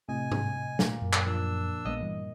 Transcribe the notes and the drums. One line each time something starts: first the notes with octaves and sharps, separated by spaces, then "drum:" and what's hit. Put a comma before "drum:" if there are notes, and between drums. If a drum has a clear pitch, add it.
A2 C3 D#5 G#5
drum: tom G#2
A#2 A3, drum: snare
F#2
drum: clap
F3 D4 E6
A#1 G#3 B3 D#5
G2 E3